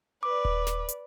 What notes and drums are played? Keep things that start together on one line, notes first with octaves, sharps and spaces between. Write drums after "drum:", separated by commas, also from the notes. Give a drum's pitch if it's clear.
B4 D5 D6
drum: kick D#1
drum: snare
drum: hi-hat